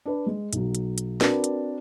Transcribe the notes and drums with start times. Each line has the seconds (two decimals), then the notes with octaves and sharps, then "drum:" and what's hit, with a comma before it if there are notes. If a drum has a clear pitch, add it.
0.06 D4 B4
0.26 G#3
0.53 B1 F#3, drum: hi-hat
0.75 drum: hi-hat
0.98 drum: hi-hat
1.21 C4 D4 F#4 A#4 B4 D5, drum: snare
1.44 drum: hi-hat